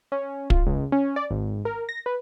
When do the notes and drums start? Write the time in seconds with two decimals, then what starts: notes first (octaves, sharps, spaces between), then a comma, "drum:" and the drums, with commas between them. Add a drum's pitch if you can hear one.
0.12 C#4
0.50 F4, drum: kick
0.67 C#2
0.92 C#4
1.16 D5
1.31 G#1
1.65 A#4
1.89 A#6
2.06 B4